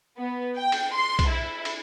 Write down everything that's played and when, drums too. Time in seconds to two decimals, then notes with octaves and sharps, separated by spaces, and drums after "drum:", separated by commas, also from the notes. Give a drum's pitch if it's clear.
0.18 B3
0.57 G5
0.72 drum: cymbal
0.96 C6
1.19 drum: kick B1, cymbal
1.29 E4
1.65 drum: cymbal